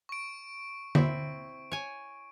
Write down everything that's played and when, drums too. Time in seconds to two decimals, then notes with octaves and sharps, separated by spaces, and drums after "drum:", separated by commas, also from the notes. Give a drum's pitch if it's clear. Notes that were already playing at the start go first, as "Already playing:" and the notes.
0.09 C#6 D7
0.95 C4 E4, drum: tom D3
1.72 C#5 G#5